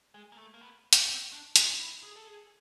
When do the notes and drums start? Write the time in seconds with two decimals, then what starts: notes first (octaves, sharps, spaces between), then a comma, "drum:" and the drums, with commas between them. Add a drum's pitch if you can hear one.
0.14 G#3
0.32 A#3
0.38 A3
0.54 A#3
0.61 B3
0.93 drum: hi-hat
1.08 C4
1.33 D4
1.56 D#4, drum: hi-hat
1.80 E4
2.03 G#4
2.16 A4
2.27 G#4